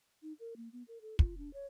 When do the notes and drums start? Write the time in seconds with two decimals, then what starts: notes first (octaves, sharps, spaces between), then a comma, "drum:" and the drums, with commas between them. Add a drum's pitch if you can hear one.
0.23 D#4
0.40 A#4
0.56 A#3
0.73 B3
0.88 A#4
1.01 A4
1.19 F4, drum: kick
1.38 D4
1.53 C#5